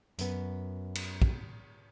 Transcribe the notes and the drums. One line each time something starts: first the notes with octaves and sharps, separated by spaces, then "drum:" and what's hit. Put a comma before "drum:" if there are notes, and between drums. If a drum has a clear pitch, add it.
F#2 B3, drum: hi-hat
drum: cymbal
drum: kick